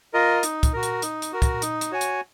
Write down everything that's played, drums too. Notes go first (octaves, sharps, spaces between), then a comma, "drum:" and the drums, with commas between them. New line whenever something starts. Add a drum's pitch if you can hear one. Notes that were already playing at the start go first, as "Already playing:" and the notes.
F4 A#4 D#5
D#4, drum: hi-hat
drum: kick, hi-hat
F#4 A#4
drum: hi-hat
D#4, drum: hi-hat
drum: hi-hat
F#4 A#4
drum: kick, hi-hat
D#4, drum: hi-hat
drum: hi-hat
F#4 C#5 G#5
drum: hi-hat